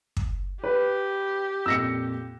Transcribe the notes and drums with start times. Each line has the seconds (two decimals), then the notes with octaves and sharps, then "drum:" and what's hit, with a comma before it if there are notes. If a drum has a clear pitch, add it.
0.17 drum: kick
0.64 G4 B4
1.66 F2 A#2 E6 A#6 C#7